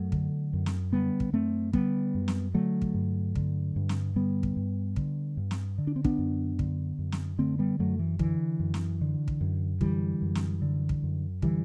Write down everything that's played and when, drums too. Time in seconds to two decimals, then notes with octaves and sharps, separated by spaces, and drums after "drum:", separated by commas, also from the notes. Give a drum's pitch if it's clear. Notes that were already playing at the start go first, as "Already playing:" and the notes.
Already playing: F#2 F#3 A3
0.12 D3, drum: kick
0.53 F#2
0.66 drum: snare
0.93 D3 G3 B3
1.20 drum: kick
1.33 F#2 A3 C4
1.73 D3 G3 B3, drum: kick
2.15 F#2
2.28 drum: snare
2.54 D3 F#3 A3
2.82 drum: kick
2.95 G2
3.35 D3, drum: kick
3.76 G2
3.89 drum: snare
4.16 D3 G3 B3
4.43 drum: kick
4.57 G2
4.96 D3, drum: kick
5.37 G2
5.51 drum: snare
5.78 D3
5.87 D4
5.96 C4
6.04 B3 D4, drum: kick
6.18 F#2
6.59 D3, drum: kick
6.99 F#2
7.12 drum: snare
7.39 D3 A3 C4
7.59 G3 B3
7.79 F#2 F#3 A3
7.99 E3
8.19 D3 E3, drum: kick
8.60 F#2
8.74 drum: snare
9.01 D3
9.28 drum: kick
9.41 F#2
9.81 D3 E3 G3, drum: kick
10.22 F#2
10.35 drum: snare
10.62 D3
10.89 drum: kick
11.03 F#2
11.42 D3 E3 G3, drum: kick